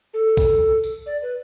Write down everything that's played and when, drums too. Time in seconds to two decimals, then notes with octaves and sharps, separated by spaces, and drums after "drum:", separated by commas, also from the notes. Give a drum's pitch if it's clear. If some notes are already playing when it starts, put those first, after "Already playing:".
0.14 A4
0.37 drum: kick B1, tambourine
0.84 drum: tambourine
1.06 D5
1.22 B4